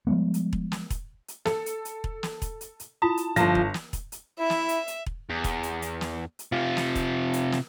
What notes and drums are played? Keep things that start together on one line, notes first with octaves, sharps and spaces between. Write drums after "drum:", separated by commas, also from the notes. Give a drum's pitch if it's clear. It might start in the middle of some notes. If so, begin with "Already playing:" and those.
F3 G3 G#3 B3
drum: hi-hat
drum: kick E1
drum: snare
drum: kick E1, hi-hat
drum: hi-hat
A4, drum: snare
drum: hi-hat
drum: hi-hat
drum: kick E1
drum: snare
drum: kick E1, hi-hat
drum: hi-hat
drum: hi-hat
E4 F4 A5 D#6
drum: hi-hat
G1 F3 A5 A#6, drum: hi-hat
drum: kick E1
drum: snare
drum: kick E1, hi-hat
drum: hi-hat
E4 E5
drum: snare
drum: hi-hat
drum: hi-hat
drum: kick E1
E2
drum: kick E1, hi-hat
drum: hi-hat
drum: hi-hat
drum: snare
drum: hi-hat
C3 F4
drum: snare
drum: kick E1, hi-hat
drum: hi-hat
drum: snare